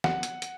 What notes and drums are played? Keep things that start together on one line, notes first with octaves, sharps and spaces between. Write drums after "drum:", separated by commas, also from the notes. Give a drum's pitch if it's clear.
F#5, drum: snare
drum: hi-hat
drum: hi-hat